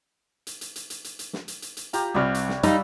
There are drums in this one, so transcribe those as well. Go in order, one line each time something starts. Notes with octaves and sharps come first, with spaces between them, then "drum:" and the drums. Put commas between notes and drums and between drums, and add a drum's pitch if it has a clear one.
drum: hi-hat
drum: hi-hat
drum: hi-hat
drum: hi-hat
drum: hi-hat
drum: hi-hat
drum: snare
drum: hi-hat
drum: hi-hat
drum: hi-hat
F4 G4 A#5, drum: hi-hat
C2 C3 B4 C#5 D5 F6
drum: hi-hat
drum: snare
G3 D#4 F5 B5 E6, drum: hi-hat